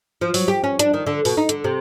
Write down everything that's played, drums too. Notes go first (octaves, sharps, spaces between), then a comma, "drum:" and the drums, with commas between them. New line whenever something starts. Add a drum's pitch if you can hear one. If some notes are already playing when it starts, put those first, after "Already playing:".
F3
F#3, drum: open hi-hat
G4
C#4
D4, drum: hi-hat
D#3
D3
B2, drum: open hi-hat
D#4
D3, drum: hi-hat
C3